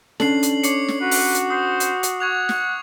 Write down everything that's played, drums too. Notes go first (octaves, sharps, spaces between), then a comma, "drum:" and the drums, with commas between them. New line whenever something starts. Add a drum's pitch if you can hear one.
C#4 D4 A4 C7 F#7, drum: snare
drum: hi-hat
C#5 D6 C7 C#7, drum: hi-hat
drum: snare
F#4 B4
drum: open hi-hat
drum: hi-hat
C5 D#6
drum: hi-hat
drum: hi-hat
F#5 C#6 G#6 F7
drum: snare